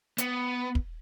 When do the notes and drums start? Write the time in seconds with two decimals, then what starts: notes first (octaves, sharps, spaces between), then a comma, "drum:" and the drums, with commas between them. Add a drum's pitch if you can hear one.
0.18 B3, drum: hi-hat
0.75 drum: kick